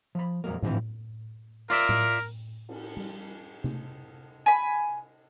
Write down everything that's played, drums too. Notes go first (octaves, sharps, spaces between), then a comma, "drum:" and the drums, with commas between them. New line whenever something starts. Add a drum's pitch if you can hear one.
F3 B5
F2 A#2 F#3 G#3 A#3
D#2 G#2 D3 E3 F3 C4, drum: tom A2
F4 A#4 D5 E5, drum: open hi-hat
drum: tom A2
drum: cymbal
drum: tom G3
drum: tom C3
G#5 B5